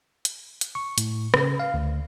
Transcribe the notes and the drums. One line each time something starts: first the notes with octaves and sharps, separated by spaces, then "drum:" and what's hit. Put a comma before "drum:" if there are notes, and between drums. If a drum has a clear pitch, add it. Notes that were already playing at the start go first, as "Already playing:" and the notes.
drum: hi-hat
drum: hi-hat
C#6
A2, drum: hi-hat
C#3, drum: rim click
F5
D2